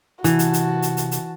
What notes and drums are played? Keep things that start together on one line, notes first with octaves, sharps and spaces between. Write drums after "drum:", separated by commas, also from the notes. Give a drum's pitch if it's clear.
C3 E3 F#4 A5, drum: hi-hat
drum: hi-hat
drum: hi-hat
drum: hi-hat
drum: hi-hat
drum: hi-hat